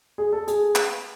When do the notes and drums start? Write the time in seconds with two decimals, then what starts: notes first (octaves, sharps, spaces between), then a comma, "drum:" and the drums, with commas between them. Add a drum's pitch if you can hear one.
0.18 G#4
0.33 A4
0.47 G#4, drum: hi-hat
0.75 drum: clap